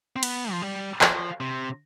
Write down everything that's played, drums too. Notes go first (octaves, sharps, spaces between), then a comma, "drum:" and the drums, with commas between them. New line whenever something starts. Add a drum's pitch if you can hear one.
C4
B3, drum: cymbal
F3
G3
F3, drum: clap
C3